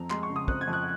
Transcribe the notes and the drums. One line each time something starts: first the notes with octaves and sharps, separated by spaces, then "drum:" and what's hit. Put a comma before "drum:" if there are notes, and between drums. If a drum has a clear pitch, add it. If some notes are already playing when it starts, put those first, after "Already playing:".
Already playing: F2 C4 A#5
G#3 C6, drum: clap
C#6
C#3
D#6
C4 F#6, drum: kick
G#6
F2
F#6